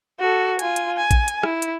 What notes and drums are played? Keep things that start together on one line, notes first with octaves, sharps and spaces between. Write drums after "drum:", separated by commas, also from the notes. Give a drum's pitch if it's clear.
F#4 A4
F4 G#5, drum: hi-hat
drum: hi-hat
G#5
drum: kick A#1, hi-hat
drum: hi-hat
E4, drum: rim click
drum: hi-hat